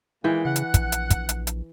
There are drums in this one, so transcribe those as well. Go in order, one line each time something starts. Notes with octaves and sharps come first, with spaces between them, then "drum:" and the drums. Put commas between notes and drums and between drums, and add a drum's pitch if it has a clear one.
A#2 D#3 E3 G#3 G5
C#3 F#5
drum: hi-hat
A#1, drum: kick, hi-hat
drum: hi-hat
drum: kick, hi-hat
drum: hi-hat
drum: hi-hat